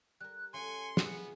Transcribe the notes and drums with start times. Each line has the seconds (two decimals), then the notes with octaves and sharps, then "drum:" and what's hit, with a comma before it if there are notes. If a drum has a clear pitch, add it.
0.20 G3 A#4 F#6
0.54 F3 A3 C#4 G#5 C6 C#7
0.97 B3 E4 F#4 G#4, drum: snare